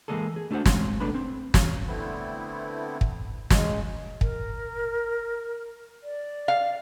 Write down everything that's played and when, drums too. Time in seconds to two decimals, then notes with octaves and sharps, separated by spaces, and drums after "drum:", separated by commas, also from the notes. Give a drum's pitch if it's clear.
0.08 E3 F#3 G#3 A#3 G#4 A4
0.36 G#4
0.51 A3 D4 F#4 G#4 C5 F#5
0.66 G#3 C4, drum: snare
1.00 B1 A3 B3 D4 B4 B5
1.15 C4
1.54 drum: snare
1.87 D3 A3 B3 C4 E4
3.01 drum: kick
3.50 G#3, drum: snare
4.21 A#4, drum: kick
6.03 D5
6.48 F5